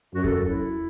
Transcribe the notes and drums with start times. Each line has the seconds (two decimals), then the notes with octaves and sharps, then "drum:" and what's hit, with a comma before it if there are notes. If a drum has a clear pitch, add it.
0.14 F#2 F#4
0.24 A4, drum: kick E2
0.45 E4